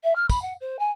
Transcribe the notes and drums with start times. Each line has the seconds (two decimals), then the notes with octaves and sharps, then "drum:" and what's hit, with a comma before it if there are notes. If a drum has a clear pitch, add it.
0.04 E5
0.15 F6
0.30 B5, drum: kick, tambourine
0.42 F#5
0.61 C5
0.79 G#5